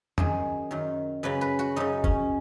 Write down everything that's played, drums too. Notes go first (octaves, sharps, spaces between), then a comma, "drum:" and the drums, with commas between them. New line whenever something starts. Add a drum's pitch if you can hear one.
F#2 D#3 G#4, drum: tom
F#2 D#3
F#2 C#3 B4
B4
F#4
F#2 C#3 D#4
C#4, drum: kick